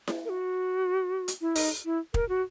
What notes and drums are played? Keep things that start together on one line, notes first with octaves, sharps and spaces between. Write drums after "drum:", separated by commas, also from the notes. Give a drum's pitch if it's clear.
drum: snare E4
A#4
F#4
drum: hi-hat
E4
D#4, drum: open hi-hat
E4
A#4, drum: kick
F#4